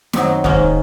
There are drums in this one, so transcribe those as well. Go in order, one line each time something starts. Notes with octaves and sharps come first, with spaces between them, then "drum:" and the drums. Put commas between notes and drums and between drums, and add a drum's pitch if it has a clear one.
F#2 D#3 F#3 C4 D#4, drum: snare
G#2 D#3 A#3 C#4, drum: kick